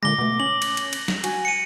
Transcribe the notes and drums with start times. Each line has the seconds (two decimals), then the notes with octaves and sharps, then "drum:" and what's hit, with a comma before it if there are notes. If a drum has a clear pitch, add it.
0.03 A#2 D3 G#3 D6 A#6 G7
0.19 B2 A3
0.40 C#4 F#7
0.62 drum: cymbal
0.77 drum: cymbal
0.93 drum: cymbal
1.08 drum: snare
1.24 F#4 G#5, drum: cymbal
1.45 C#7 D#7